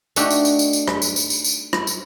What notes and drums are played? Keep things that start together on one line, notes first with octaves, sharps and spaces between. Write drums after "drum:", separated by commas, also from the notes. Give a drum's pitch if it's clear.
A3 D4 D#4 F#4 G4, drum: tambourine
drum: tambourine
drum: tambourine
drum: tambourine
drum: tambourine
drum: rim click
drum: tambourine
drum: tambourine
drum: tambourine
drum: tambourine
drum: rim click
drum: tambourine